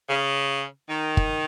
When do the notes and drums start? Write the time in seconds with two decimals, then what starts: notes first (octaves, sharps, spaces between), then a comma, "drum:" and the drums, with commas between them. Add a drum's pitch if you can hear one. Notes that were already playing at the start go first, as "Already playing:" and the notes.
0.09 C#3
0.89 D#3
1.17 drum: kick